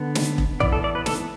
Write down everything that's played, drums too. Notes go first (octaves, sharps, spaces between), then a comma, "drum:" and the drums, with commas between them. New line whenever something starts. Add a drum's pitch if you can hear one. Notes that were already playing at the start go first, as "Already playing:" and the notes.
Already playing: D3 B3
drum: snare
drum: kick E1
E3 B3 D5, drum: tom
A4
D5
B4
A4, drum: snare